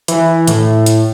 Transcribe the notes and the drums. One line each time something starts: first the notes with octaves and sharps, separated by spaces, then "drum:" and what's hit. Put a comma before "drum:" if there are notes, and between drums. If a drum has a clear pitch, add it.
E3, drum: hi-hat
A2, drum: hi-hat
drum: hi-hat